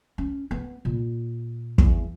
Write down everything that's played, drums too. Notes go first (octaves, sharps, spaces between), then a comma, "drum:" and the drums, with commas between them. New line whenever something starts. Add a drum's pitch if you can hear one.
C#4
B3
A#2
E2, drum: kick